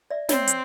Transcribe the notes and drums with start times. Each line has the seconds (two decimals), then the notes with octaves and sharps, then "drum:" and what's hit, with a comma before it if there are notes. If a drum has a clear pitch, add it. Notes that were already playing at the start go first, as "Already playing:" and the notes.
0.10 D5 E5
0.29 C4 C#5 D#5, drum: snare
0.47 drum: hi-hat